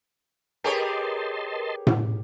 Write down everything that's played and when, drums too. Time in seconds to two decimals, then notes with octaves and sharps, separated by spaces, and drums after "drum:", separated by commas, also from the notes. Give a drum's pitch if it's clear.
0.64 G4 G#4 A#4 B4 C#5 D#5 A5 C6
1.87 drum: tom A2